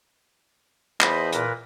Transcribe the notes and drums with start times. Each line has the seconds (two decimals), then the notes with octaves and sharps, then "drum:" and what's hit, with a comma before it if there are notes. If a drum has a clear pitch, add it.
1.01 E2 C5 D#5 B5, drum: clap
1.33 A#2 A#4 B4, drum: hi-hat